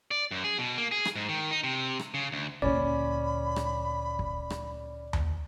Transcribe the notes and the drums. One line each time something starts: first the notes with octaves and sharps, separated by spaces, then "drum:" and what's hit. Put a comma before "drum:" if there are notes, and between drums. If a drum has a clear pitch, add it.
D5
F#2
G#4
B2
A#3
G#4
drum: rim click
G#2
D#3
D#4
C3
drum: rim click
C#3
D2
D2 A#2 C#4 D5 B5
drum: rim click
drum: kick
drum: rim click
drum: tom D#2